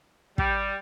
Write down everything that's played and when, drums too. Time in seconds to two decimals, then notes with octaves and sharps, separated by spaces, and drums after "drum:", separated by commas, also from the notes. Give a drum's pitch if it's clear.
0.38 G3, drum: kick